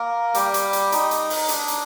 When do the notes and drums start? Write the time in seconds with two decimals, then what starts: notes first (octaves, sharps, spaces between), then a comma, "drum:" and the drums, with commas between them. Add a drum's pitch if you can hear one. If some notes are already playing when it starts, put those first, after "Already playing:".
Already playing: A#3 A#4
0.35 G3 G4, drum: hi-hat
0.54 drum: hi-hat
0.73 drum: hi-hat
0.92 D#4, drum: hi-hat
1.11 drum: hi-hat
1.30 drum: open hi-hat
1.48 D4, drum: hi-hat
1.68 drum: hi-hat